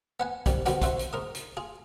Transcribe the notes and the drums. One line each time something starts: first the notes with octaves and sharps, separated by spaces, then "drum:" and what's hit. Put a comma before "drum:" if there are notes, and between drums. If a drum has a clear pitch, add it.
B3 F#5 G#5
C3 D#3 G3, drum: kick, hi-hat
G2 B2 D#3 B3 C4 F#4, drum: hi-hat
C5 E5 F#5 C6 C#6, drum: kick, hi-hat
drum: hi-hat
G#2 A#4 D#6
drum: hi-hat
F4 G#4